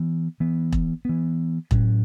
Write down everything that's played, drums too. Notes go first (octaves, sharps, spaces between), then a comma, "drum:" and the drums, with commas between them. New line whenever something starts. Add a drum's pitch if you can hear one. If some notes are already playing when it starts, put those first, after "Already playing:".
Already playing: E3 B3
E3 B3
drum: kick E1
E3 B3
A2 F#3 C#4, drum: kick E1